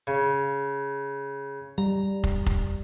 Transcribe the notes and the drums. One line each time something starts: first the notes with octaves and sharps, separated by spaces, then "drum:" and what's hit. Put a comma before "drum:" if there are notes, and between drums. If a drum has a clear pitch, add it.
C#3
G3 A#5
drum: kick
drum: kick